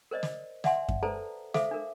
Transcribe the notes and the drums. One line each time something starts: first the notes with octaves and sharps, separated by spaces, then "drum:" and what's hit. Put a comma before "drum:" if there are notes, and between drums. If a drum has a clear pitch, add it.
A#4 C5 D5 D#5
drum: snare
D5 E5 F#5 G#5 C6, drum: snare
drum: kick F#2
A4 B4 C5 D5 A5 A#5
A4 C5 E5 F5 D6, drum: snare
D4 A#4